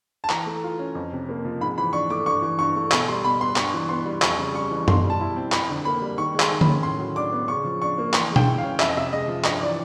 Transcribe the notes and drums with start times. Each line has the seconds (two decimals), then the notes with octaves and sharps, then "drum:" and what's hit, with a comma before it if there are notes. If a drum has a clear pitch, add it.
0.24 A5
0.30 E3 A#5, drum: clap
0.46 A3
0.63 F4
0.79 C#4
0.95 F2
1.12 C3
1.29 A#3
1.45 F3
1.61 G#2 B5
1.78 E3 B5
1.93 D4 C#6
2.10 A3 D6
2.26 G2 C#6
2.42 E3
2.59 G2 C#6
2.76 A3
2.91 B2 C#6, drum: clap
3.08 G3 C6
3.24 B2 B5
3.40 B3 C6
3.56 G2 C#6, drum: clap
3.74 E3
3.89 B3 C6
4.05 G3
4.22 F2 C#6, drum: clap
4.38 C#3
4.54 G3 C#6
4.71 E3
4.88 B2 C6, drum: tom F#2
5.04 G3
5.10 A5
5.21 E4
5.36 C4
5.52 F2 B5, drum: clap
5.69 D3
5.85 A#3 B5
6.02 G3
6.18 D#3 C#6
6.34 G#3
6.40 C6, drum: clap
6.51 D#3
6.61 B5, drum: tom D3
6.68 C#4
6.83 A2 C6
6.99 F#3
7.16 D4 D6
7.32 B3
7.48 C#3 C#6
7.65 F3
7.82 D4 C#6
7.98 A#3
8.14 E3 C6, drum: clap
8.31 G#3
8.36 G5, drum: tom B2
8.47 E4
8.58 F5
8.63 C#4
8.80 F2 E5, drum: clap
8.88 D#5
8.96 C3 E5
9.13 G#3 D#5
9.28 F3
9.44 G2 D#5, drum: clap
9.61 E3 D5